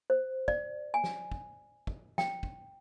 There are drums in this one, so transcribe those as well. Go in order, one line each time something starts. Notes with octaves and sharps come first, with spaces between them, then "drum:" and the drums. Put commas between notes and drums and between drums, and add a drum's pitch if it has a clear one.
C5
D5, drum: kick
G#5
drum: snare
drum: kick
drum: kick
G5, drum: snare
drum: kick